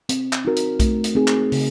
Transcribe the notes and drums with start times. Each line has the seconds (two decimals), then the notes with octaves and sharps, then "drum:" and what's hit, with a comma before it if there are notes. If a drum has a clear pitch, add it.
0.09 C4, drum: hi-hat
0.33 drum: clap
0.45 D#4 F#4 A#4
0.56 drum: hi-hat
0.80 A3, drum: kick B1, hi-hat
1.04 drum: hi-hat
1.15 C4 D#4 G#4
1.28 drum: clap
1.52 C#3, drum: open hi-hat